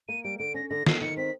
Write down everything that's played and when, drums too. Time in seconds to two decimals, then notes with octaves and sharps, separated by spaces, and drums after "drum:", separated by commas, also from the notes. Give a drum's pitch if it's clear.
0.09 A#3 D#7
0.24 G3 D7
0.39 D3 D7
0.54 C#4 A#6
0.70 D3 A#6
0.86 D#3 C7, drum: snare
1.01 D#3 C#7
1.17 C4 B6